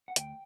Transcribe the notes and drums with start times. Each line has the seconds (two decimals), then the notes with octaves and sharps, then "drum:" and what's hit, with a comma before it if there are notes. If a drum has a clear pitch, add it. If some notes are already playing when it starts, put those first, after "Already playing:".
0.08 F#5
0.16 D2 G5, drum: hi-hat